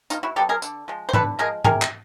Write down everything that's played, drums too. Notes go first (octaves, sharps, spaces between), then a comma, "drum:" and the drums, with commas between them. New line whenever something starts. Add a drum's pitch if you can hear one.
B2 D#4 F4, drum: tambourine
E4 F#4
F#3 B3 G4 A4
G#4 A#4
D3, drum: tambourine
F3 G#3
C5
D3 A4 B4, drum: tom
F3 G#3 G#4 A#4
C3 G#4 A#4, drum: tom
drum: clap